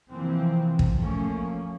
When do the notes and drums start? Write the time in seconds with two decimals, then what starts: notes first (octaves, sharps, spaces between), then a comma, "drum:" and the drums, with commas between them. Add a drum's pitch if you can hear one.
0.11 C3 E3 F3 A#3 C4
0.79 drum: kick
0.98 F3 A3 A#3 C#4